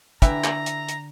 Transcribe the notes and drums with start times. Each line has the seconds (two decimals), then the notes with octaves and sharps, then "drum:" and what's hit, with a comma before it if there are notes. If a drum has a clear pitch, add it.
0.22 D3 E3 G4 E5 A#5, drum: kick, hi-hat
0.44 drum: clap
0.66 drum: hi-hat
0.89 drum: hi-hat